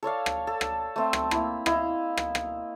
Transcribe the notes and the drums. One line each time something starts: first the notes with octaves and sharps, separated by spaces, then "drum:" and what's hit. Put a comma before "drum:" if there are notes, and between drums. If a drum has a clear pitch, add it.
A4 C#5 D5 F5
drum: rim click
A4
drum: rim click
A3 C4
drum: rim click
A#3 E4, drum: rim click
E4 D#5 F5, drum: rim click
drum: rim click
drum: rim click